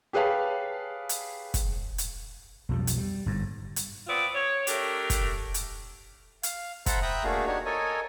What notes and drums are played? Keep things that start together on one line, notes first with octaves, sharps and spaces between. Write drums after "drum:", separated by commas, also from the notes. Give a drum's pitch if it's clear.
G4 G#4 B4 C#5 F5 A5
drum: hi-hat
drum: kick, hi-hat
drum: hi-hat
B1 F2 G3
drum: hi-hat
G3
G1 G#2
drum: hi-hat
B3 C4 F4 D5
C#5
A3 D4 G4 A#4, drum: hi-hat
drum: kick, hi-hat
drum: hi-hat
F5, drum: hi-hat
A4 C5 E5 F#5 A#5 B5, drum: kick, hi-hat
E5 G5 A#5 B5 D#6 F#6
A3 A#3 D4 F#4 G#4 F5
D4 D#4 F#4 G4 C#5
A4 A#4 C#5 D#5 G#5